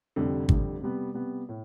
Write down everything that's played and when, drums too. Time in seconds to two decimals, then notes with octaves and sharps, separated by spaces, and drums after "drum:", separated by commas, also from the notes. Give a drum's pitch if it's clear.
0.16 F1 F2 D3 G3
0.49 F1 F2 D3 G3, drum: kick
0.81 C3 G3 B3
1.14 C3 G3 B3
1.49 A2